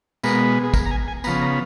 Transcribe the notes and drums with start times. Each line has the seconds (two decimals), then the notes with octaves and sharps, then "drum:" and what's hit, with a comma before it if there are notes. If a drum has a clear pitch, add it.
0.24 B2 G#3 B3 A#4, drum: tambourine
0.64 G#4
0.74 A#4, drum: kick, tambourine
0.86 A#5
0.91 G#5
1.08 G#5
1.24 C#3 F3 B3 A#5, drum: tambourine
1.41 A#5